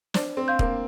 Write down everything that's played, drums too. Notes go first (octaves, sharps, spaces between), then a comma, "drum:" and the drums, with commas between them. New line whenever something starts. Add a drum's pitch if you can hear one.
D4 C5, drum: snare
C4
F5 C6 G6
A#3, drum: kick